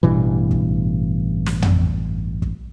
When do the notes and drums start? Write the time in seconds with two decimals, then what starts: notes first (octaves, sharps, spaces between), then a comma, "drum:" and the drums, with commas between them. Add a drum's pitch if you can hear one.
0.03 A1 G2 B2 E3
0.51 drum: kick
1.46 drum: snare
1.62 drum: tom
2.42 drum: kick